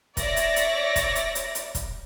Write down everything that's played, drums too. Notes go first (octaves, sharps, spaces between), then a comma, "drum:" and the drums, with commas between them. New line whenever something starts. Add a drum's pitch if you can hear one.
C#5 D5 E5 A#6, drum: kick E1, hi-hat
drum: hi-hat
drum: hi-hat
drum: kick E1, hi-hat
drum: hi-hat
drum: hi-hat
drum: hi-hat
drum: kick E1, hi-hat